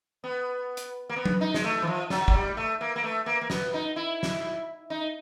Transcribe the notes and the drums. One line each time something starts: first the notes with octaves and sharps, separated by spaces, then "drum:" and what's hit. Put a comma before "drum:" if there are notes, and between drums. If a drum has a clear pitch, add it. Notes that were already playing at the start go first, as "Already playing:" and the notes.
B3
drum: hi-hat
A#3
B3
drum: tom F#3
D#4
G#3, drum: snare
A3
E3
F3
F#3, drum: snare
F#3, drum: kick
G3
A3
A#3
A#3
A3
A#3
A#3
B3, drum: snare
D#4
E4
drum: snare
D#4